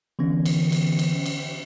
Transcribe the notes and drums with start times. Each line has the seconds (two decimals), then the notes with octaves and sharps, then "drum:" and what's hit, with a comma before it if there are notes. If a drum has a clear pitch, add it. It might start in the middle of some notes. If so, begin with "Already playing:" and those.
0.19 D3 E3 B3 C#4
0.45 drum: cymbal
0.72 drum: cymbal
0.99 drum: cymbal
1.26 drum: cymbal